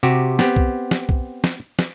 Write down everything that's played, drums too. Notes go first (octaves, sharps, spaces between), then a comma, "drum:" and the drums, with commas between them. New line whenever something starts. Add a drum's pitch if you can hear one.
C3 F#4 G4
B3 C4 G4, drum: snare
drum: kick B1
drum: snare
drum: kick B1
drum: snare
drum: snare